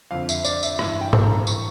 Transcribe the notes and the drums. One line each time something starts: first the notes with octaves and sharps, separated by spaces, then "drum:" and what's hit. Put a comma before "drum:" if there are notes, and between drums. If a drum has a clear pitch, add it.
F2 D3 F5
E5, drum: tambourine
D5, drum: tambourine
E5, drum: tambourine
G2 E3 E5, drum: rim click
G5
drum: tom G#2
A#5
E3 C#6, drum: tambourine